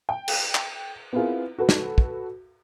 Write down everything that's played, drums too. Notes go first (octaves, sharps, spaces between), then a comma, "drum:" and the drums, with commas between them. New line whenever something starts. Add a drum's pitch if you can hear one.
G5
drum: cymbal
drum: clap
B3 C4 E4 F4 G#4 A#4
F#4 A4 B4
drum: snare
drum: kick